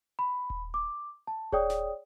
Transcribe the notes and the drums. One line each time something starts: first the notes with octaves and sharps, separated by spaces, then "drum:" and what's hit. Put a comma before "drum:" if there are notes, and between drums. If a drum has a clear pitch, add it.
B5
drum: kick D#1
D6
A5
G#4 C#5 D5 G5 D#6, drum: kick D#1
drum: snare